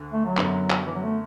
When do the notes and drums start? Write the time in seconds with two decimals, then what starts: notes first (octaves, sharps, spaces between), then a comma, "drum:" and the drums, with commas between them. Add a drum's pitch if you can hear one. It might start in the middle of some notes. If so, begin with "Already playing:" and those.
Already playing: D2 D3
0.13 A3
0.26 F#3
0.37 F#2 D3 B3 F#4, drum: clap
0.70 drum: clap
0.87 E3
0.95 F#3
1.03 A3